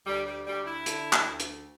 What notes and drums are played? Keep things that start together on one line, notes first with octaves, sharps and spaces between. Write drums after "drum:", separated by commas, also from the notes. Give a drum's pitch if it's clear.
D2 G3
G3
D2 G3
E4
D3, drum: hi-hat
drum: clap
D2
drum: hi-hat